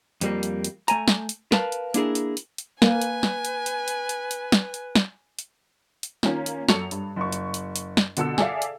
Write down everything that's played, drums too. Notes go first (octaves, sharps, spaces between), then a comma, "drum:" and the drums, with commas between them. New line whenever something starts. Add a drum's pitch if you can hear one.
F2 G3 A#3, drum: hi-hat
drum: hi-hat
drum: hi-hat
A3 G#5 A#5, drum: hi-hat
drum: snare
drum: hi-hat
A#4 B4 F5 A5, drum: snare
drum: hi-hat
A#3 D4 E4 G#4 A#4, drum: hi-hat
drum: hi-hat
drum: hi-hat
drum: hi-hat
A#3 B4 G#5, drum: snare
drum: hi-hat
drum: snare
drum: hi-hat
drum: hi-hat
drum: hi-hat
drum: hi-hat
drum: hi-hat
drum: snare
drum: hi-hat
drum: snare
drum: hi-hat
drum: hi-hat
D#3 A#3 C#4 F4, drum: snare
drum: hi-hat
F#2 A4 C#6 F7, drum: snare
G2, drum: hi-hat
F#1 C#6
drum: hi-hat
drum: hi-hat
drum: hi-hat
drum: snare
B2 D3 F#4 A4 A5 E6, drum: hi-hat
G#4 A4 D5 E5 F5, drum: snare
drum: hi-hat